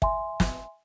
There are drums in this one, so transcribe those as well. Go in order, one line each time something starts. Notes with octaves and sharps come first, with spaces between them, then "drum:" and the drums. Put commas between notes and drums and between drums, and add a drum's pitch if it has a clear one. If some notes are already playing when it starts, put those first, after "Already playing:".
E5 G#5 C6, drum: kick
drum: snare